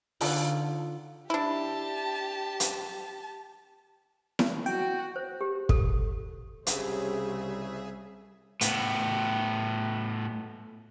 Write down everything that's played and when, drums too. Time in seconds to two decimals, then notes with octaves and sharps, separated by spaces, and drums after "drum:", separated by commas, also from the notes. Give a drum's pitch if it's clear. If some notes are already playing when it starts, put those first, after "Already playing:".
0.21 D3 D#4 F4 F#5, drum: open hi-hat
1.30 D4 E4 G4 A5
2.60 drum: hi-hat
4.39 drum: snare E4
4.66 F#4 G5
5.16 C5
5.41 G4
5.69 A4, drum: kick
6.67 C2 C#3 G4 G#4 C5 E5, drum: hi-hat
8.61 A2 B3, drum: hi-hat